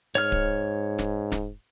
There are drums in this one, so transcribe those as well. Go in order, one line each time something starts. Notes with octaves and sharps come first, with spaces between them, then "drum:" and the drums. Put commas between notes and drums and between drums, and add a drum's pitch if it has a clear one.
G#2 C#5 F6
drum: kick D1
drum: snare
drum: snare